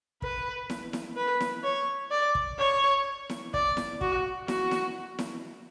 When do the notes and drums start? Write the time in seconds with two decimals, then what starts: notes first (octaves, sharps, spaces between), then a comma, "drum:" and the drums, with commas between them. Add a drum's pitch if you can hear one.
0.22 B4, drum: kick
0.70 drum: snare E4
0.93 drum: snare E4
1.17 B4
1.40 drum: snare E4
1.64 C#5
2.11 D5
2.35 drum: kick
2.59 C#5
3.30 drum: snare E4
3.54 D5, drum: kick
3.77 drum: snare E4
4.01 F#4, drum: kick
4.48 F#4, drum: snare E4
4.71 drum: snare E4
5.19 drum: snare E4